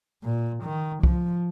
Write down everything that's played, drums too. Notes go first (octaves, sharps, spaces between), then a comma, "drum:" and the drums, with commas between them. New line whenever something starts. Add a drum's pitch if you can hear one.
A#2
D#3
F3, drum: kick C2